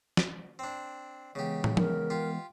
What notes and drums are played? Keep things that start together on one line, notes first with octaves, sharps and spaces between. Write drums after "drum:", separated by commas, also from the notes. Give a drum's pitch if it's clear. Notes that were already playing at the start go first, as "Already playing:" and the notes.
drum: snare
C4 D4
C#3 E3 G#3 B3 G4
drum: tom
A#4, drum: tom F3
F4 G4